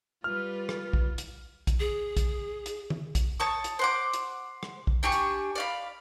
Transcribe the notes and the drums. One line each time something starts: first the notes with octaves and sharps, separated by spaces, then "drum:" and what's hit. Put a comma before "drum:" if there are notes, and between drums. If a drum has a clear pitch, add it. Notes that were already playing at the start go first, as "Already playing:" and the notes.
G3 F4 B4 F6
drum: rim click
drum: kick A#1
drum: hi-hat
drum: kick A#1, hi-hat
G#4
drum: kick A#1, hi-hat
drum: hi-hat
drum: tom D#3
drum: kick A#1, hi-hat
C#5 A5 D#6
drum: hi-hat
C5 F#5 D6
drum: hi-hat
drum: rim click
drum: kick A#1
D4 G4 G#5 C#6
drum: hi-hat
D5 F5 B5